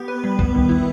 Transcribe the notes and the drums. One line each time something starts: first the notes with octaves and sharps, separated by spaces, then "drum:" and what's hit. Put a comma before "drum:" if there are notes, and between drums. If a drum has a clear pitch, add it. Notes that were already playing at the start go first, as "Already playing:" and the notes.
Already playing: B3 G4
B4
G3
B3, drum: kick C2
D#3
E4